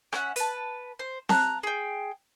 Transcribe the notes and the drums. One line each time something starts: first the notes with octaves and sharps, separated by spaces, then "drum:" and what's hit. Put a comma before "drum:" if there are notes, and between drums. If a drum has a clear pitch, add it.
C#4 E5 F#5, drum: rim click
B4 A5, drum: hi-hat
C5
A5 A#5 F#6, drum: snare C4
G#4 G5